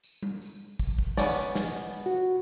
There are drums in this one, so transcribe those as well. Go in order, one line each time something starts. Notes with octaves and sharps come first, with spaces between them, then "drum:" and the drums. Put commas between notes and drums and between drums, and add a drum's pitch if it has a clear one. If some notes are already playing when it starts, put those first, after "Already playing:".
drum: tambourine
drum: tom G3
drum: tambourine
drum: kick, tambourine
drum: kick
B3 C#4 D5, drum: snare
drum: snare
drum: tambourine
F#4